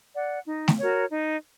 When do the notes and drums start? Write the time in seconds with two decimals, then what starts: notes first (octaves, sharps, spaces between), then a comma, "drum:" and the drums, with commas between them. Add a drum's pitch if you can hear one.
0.13 D5 F#5
0.46 D#4
0.68 drum: snare A3
0.79 F#4 A#4 C#5
1.11 D#4